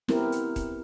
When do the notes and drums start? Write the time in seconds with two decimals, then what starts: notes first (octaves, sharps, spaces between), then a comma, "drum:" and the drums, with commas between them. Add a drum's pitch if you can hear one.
0.08 B3 C4 E4 G4 A#4, drum: snare
0.32 drum: hi-hat
0.56 drum: kick D#1, hi-hat